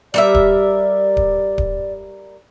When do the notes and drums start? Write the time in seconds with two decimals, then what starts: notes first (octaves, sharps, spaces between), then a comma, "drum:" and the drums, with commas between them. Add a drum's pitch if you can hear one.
0.14 G3 A#4 D5 E5
0.34 drum: kick D1
1.17 drum: kick D1
1.58 drum: kick D1